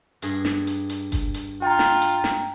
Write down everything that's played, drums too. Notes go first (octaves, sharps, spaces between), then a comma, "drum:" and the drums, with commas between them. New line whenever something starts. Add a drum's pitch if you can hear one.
G2 G#4, drum: hi-hat
drum: snare
drum: hi-hat
drum: hi-hat
drum: kick F#1, hi-hat
drum: hi-hat
F4 G5 A#5
drum: snare
drum: hi-hat
drum: snare